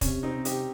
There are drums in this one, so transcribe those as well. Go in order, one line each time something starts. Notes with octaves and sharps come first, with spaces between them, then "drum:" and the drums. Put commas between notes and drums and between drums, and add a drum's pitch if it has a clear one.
C3 C#4, drum: kick, hi-hat
C4 D#4
C3
D#4 G4, drum: hi-hat